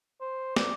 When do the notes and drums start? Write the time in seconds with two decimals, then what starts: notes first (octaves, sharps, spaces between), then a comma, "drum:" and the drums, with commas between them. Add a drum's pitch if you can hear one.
0.21 C5
0.56 D5, drum: snare